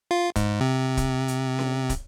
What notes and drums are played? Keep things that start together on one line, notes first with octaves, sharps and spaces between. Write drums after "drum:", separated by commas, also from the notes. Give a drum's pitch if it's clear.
F4
G#2, drum: kick, hi-hat
C3
drum: kick, hi-hat
drum: hi-hat
drum: snare C#4
drum: kick, hi-hat